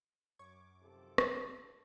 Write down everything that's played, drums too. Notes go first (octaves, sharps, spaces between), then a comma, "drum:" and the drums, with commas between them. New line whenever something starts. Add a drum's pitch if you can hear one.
F#2 C#5 C#6 D6 G#6
C3 D#3 F3 A4
drum: rim click